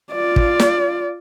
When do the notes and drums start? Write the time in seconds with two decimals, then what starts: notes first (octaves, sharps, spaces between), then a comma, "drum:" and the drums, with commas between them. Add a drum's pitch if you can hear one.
0.13 F4 D5
0.36 drum: kick
0.59 drum: snare